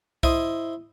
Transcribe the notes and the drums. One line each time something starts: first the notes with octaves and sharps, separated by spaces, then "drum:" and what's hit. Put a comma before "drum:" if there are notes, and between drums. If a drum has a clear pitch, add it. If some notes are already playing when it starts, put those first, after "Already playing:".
E4 C5 D#5, drum: kick